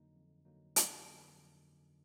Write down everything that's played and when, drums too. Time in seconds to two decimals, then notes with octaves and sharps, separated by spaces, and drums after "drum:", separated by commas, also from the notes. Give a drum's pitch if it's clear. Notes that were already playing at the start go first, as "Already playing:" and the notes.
Already playing: F2 D3 F#3 A#3 D#4
0.15 F2
0.45 D3 F#3 A#3 D#4
0.76 F2, drum: hi-hat
1.07 D3 F#3 A#3 D#4
1.37 F2